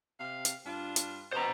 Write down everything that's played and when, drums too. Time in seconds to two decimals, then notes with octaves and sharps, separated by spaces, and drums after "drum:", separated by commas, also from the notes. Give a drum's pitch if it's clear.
0.19 C3 F5
0.45 drum: hi-hat
0.66 G2 D4 F4
0.96 drum: hi-hat
1.33 B2 C5 A#5